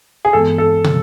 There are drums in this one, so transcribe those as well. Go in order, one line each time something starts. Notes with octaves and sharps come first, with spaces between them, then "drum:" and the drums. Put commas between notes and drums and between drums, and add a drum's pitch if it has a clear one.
G#4
G2 E3 G#3 B3 A4
A4
C#3 F3, drum: tom